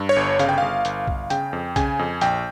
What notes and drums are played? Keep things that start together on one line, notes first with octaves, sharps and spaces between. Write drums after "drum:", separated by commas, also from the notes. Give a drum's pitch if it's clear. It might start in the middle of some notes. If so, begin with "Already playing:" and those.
Already playing: G2
C#5
G1
C#3 F5, drum: hi-hat
G5
G1 F5
G1, drum: hi-hat
G1, drum: kick B1
C#3 G5, drum: hi-hat
F2
C#3 G#5, drum: kick B1, hi-hat
F2
A#1 G5, drum: hi-hat